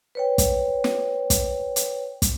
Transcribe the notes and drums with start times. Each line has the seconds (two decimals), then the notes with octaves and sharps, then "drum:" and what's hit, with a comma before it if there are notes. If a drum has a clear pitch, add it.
0.15 B4 C#5 G5
0.38 drum: kick, hi-hat
0.84 drum: snare
1.30 drum: kick, hi-hat
1.76 drum: hi-hat
2.22 drum: kick, hi-hat